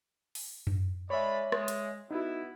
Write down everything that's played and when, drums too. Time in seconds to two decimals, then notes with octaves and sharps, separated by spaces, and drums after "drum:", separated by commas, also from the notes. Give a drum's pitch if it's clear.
0.35 drum: open hi-hat
0.67 drum: tom F#2
1.10 G#3 C#5 D5 E5 B5
1.52 G#3, drum: rim click
1.68 drum: hi-hat
2.11 B3 D#4 E4 F#4